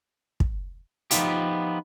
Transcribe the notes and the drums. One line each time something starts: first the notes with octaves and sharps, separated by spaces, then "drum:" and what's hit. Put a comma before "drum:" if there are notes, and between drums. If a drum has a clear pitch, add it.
drum: kick
F3 B3 D#4 F4 G4, drum: hi-hat